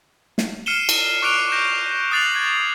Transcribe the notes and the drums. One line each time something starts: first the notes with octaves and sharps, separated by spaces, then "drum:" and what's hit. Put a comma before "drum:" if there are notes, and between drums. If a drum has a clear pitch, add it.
drum: snare
F6 C7 C#7 D#7 E7 G7
drum: cymbal
C#6 D6 F#6 C7 D7 F7
G6 A#6
D#6 F#6 A6 C7 F7 F#7
G#6